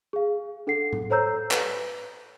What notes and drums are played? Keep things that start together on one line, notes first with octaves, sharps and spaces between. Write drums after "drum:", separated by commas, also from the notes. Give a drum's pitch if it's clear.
G#4 F5
D4 A4 F#5 C7
drum: tom A2
A4 C5 C#5 A#5 E6 G6
B4, drum: clap